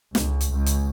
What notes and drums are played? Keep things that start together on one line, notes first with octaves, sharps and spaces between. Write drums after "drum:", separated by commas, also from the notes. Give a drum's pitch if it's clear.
C#2, drum: snare
drum: hi-hat
C#2
drum: hi-hat